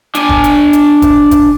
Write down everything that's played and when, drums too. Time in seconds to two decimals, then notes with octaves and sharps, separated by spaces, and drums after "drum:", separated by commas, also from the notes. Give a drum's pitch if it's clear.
0.15 D4 G#5, drum: hi-hat
0.29 drum: kick F1
0.44 drum: hi-hat
0.73 drum: hi-hat
1.02 drum: kick F1, hi-hat
1.31 drum: kick F1, hi-hat